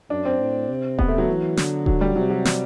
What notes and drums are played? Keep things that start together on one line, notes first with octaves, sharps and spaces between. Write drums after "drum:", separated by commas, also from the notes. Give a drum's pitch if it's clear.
F#2 D4
C4
A2
C3
B3, drum: kick D#1
A3
F#3
E3
D3, drum: snare
F#3, drum: kick D#1
G3
C3 F#3
F#3
drum: snare